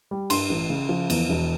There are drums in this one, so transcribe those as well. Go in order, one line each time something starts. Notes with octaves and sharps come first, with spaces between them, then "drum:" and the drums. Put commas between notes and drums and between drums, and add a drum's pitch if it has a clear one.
G3
G2 C6, drum: cymbal
A1
C#3
F3
E2, drum: cymbal
E1